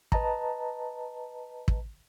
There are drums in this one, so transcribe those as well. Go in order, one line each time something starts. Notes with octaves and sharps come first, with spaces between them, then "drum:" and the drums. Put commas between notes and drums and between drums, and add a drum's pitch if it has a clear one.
B4 D#5 A5 A#5, drum: kick
drum: kick